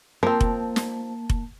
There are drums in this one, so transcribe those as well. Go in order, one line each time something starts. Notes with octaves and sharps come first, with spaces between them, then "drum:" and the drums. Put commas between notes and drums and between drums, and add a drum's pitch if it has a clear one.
F3 A#3 C4 A#4 A5
drum: kick F1
drum: snare
drum: kick F1